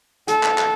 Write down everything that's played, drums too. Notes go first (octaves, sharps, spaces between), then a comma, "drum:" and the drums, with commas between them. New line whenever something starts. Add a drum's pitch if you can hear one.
A4, drum: hi-hat
drum: clap
drum: clap